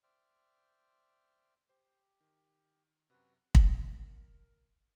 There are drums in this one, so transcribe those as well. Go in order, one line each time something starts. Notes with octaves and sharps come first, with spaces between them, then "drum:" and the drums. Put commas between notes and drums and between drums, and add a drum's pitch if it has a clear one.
C5 D5 E5 G5 F6
G4 C5
D#3
F#2 C3 F#4 B4
A#4, drum: kick